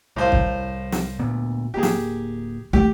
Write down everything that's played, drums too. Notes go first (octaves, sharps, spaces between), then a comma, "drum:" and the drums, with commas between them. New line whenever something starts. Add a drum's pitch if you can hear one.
C2 A2 C5 F5
drum: kick
drum: snare
D2 A#2 B3
D1 A#3 G4 G#4
drum: snare
A3 G4, drum: kick